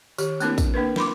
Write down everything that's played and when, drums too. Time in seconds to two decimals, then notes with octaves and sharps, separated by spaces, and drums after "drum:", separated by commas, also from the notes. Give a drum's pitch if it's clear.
0.18 D#3 G4, drum: tambourine
0.40 A3 A#3 C4 D4 E4 A#4, drum: tambourine
0.58 drum: kick, tambourine
0.74 A#3 D4 A#4 B4
0.96 A#4 B5 C6 D6, drum: snare